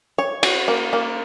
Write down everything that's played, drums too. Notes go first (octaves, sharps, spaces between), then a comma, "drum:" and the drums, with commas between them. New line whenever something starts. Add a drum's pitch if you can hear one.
C#5
F#4, drum: cymbal
A#3
A#3